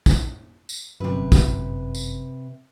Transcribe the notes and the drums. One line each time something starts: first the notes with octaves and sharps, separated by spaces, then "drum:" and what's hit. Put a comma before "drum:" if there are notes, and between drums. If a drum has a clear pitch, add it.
drum: kick, tambourine
drum: tambourine
G1 F#2 C3 B4
drum: kick, tambourine
drum: tambourine